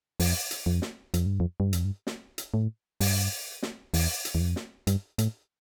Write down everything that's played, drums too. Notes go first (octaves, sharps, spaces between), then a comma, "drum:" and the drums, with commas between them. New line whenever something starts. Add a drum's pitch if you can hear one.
F2, drum: open hi-hat
drum: hi-hat
F2
drum: snare
F2, drum: hi-hat
G2
F2
G2
F2, drum: hi-hat
G2
drum: snare
drum: hi-hat
A2
G2, drum: open hi-hat
drum: snare
E2, drum: open hi-hat
drum: hi-hat
E2
F2
drum: snare
G2, drum: hi-hat
A2, drum: hi-hat